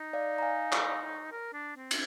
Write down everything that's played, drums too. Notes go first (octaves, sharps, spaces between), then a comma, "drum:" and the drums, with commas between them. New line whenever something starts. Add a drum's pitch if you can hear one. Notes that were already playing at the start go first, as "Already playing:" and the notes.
Already playing: D#4
D5 F5
A#5
F5 G#5
drum: clap
A#4
D4
C4
drum: cymbal